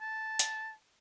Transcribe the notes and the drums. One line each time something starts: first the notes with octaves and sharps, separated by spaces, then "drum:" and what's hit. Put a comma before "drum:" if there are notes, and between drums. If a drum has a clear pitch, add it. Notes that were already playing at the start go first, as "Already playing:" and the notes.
A5
drum: hi-hat